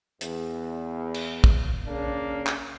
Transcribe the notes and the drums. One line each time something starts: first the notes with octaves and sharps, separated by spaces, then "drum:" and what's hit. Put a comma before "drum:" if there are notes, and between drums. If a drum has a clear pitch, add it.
E2, drum: hi-hat
drum: cymbal
drum: kick
C#3 A#3 D4
drum: clap